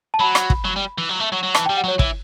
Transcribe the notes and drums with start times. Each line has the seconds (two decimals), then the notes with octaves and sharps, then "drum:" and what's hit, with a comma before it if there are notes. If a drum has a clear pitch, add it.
0.14 A5
0.20 F#3 B5
0.35 drum: rim click
0.50 drum: kick
0.64 F#3
0.76 G3
0.98 E3
1.09 F#3
1.20 A3
1.32 F#3
1.43 F#3
1.55 E3 A5, drum: rim click
1.66 G3 G5
1.77 F#5
1.84 F#3 C#5
1.99 E3, drum: kick